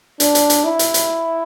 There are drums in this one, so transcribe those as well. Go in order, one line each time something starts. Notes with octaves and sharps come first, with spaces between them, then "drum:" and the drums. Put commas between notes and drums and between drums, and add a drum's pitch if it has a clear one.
D4, drum: hi-hat
drum: hi-hat
drum: hi-hat
E4
drum: hi-hat
drum: hi-hat